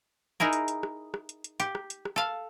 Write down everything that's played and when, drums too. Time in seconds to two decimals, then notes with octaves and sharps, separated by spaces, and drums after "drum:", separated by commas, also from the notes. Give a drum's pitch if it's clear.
0.40 D#4 E4 G#4 A#4
0.53 drum: hi-hat
0.68 drum: hi-hat
0.83 drum: rim click
1.14 drum: rim click
1.29 drum: hi-hat
1.44 drum: hi-hat
1.60 G4, drum: hi-hat
1.75 drum: rim click
1.90 drum: hi-hat
2.05 drum: rim click
2.16 A4 F5